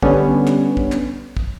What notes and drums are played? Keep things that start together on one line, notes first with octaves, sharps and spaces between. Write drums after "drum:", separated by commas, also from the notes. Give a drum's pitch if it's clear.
D3 G3 B3 C#4, drum: kick
drum: clap
drum: kick
drum: clap
drum: kick